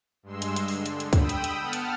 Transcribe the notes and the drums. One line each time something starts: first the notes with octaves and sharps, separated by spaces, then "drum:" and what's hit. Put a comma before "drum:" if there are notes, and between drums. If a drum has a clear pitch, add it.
G2 G#3 C6 E6
drum: hi-hat
drum: hi-hat
D3, drum: open hi-hat
drum: hi-hat
drum: hi-hat
G5 B5 D#6 E6, drum: kick C#2, hi-hat
drum: hi-hat
drum: hi-hat
B3 F#5 A5 F6
drum: hi-hat